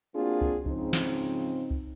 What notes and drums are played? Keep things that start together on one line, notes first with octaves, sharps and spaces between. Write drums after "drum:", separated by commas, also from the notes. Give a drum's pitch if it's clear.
A#3 C4 D4 F4 F#4 G#4
drum: kick C#2
G#2 C#3 F3 C4 D#4, drum: kick C#2
drum: snare
drum: kick C#2